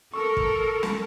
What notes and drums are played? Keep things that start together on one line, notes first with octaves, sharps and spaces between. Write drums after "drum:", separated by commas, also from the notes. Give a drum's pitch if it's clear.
A4 A#4 C#6 E6
drum: kick
drum: snare